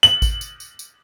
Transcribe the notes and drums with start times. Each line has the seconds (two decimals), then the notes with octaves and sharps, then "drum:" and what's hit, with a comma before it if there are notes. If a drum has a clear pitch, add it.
0.03 F#7, drum: tambourine
0.22 drum: kick G#1, tambourine
0.41 drum: tambourine
0.60 drum: tambourine
0.79 drum: tambourine